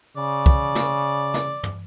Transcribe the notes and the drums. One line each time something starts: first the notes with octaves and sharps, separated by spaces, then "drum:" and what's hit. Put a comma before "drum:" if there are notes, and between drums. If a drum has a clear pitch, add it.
C#3 D5
drum: kick
drum: snare
drum: snare
drum: tom